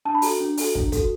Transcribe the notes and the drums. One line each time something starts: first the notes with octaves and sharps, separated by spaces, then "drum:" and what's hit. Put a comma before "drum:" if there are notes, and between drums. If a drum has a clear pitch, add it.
D4 A5
B5
F#4 A4 A#5, drum: open hi-hat
D4
F#4 A4, drum: open hi-hat
D4, drum: kick
F#4 A4, drum: kick, hi-hat